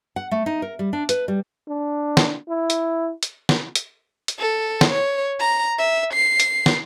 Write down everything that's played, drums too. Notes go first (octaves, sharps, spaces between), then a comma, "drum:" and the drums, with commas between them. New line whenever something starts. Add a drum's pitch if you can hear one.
F#5
A3
D#4
A#4
G3
D4
B4, drum: hi-hat
G3
D4
drum: snare
E4
drum: hi-hat
drum: hi-hat
drum: snare
drum: hi-hat
drum: hi-hat
A4
drum: snare
C#5
A#5
E5
C7
drum: hi-hat
drum: snare